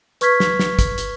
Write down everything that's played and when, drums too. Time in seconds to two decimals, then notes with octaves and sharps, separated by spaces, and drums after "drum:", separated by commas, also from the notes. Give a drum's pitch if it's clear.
0.21 B4 C#6 F6 G#6 B6, drum: hi-hat
0.40 drum: snare
0.59 drum: snare
0.79 drum: kick, hi-hat
0.98 drum: hi-hat